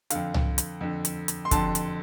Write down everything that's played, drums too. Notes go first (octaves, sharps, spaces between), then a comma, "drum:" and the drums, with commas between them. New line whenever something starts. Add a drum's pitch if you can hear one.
F2 D3 F5, drum: hi-hat
drum: tom C2
drum: hi-hat
F2 D3
drum: hi-hat
drum: hi-hat
C6
F2 D3 A5, drum: kick, hi-hat
drum: hi-hat